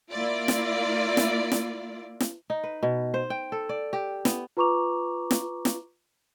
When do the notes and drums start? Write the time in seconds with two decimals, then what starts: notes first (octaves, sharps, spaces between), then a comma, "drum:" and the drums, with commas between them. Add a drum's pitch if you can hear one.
0.11 A#3 E4 F4 D5
0.48 drum: snare
1.17 drum: snare
1.52 drum: snare
2.20 drum: snare
2.50 D#4
2.64 B4
2.83 B2
3.14 C5
3.30 G5
3.52 A4
3.69 D5
3.93 G4
4.25 B3, drum: snare
4.57 F4 B4 A#5 C#6 D6 F7
5.31 drum: snare
5.65 drum: snare